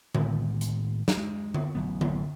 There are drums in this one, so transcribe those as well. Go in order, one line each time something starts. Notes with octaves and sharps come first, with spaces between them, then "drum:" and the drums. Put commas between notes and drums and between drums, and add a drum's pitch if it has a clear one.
A2 D#3 G#3 B3, drum: tom D3
drum: hi-hat
drum: snare
G#3
drum: tom D3
A1 F#3 B3
drum: tom D3